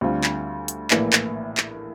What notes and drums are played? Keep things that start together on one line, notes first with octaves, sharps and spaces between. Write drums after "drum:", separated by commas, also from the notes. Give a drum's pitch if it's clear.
D2 D3 G3 C4 F4
drum: clap
drum: hi-hat
A#1 A2 E3 A#3, drum: clap
drum: clap
drum: clap